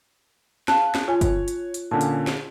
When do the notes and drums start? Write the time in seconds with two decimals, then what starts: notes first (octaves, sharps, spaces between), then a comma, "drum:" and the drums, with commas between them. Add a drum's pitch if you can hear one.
0.68 F5 A5 F#6, drum: snare
0.95 drum: snare
1.08 F4 C#5 G#5
1.21 drum: kick G1, hi-hat
1.48 drum: hi-hat
1.74 drum: hi-hat
1.91 A#2 D3 C#4 A5
2.01 drum: hi-hat
2.27 drum: snare